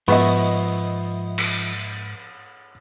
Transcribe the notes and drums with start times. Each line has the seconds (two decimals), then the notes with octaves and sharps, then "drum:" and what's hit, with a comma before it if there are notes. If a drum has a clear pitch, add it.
0.08 G#2 F3 B3 D#5 E5 C#6, drum: open hi-hat
1.38 drum: cymbal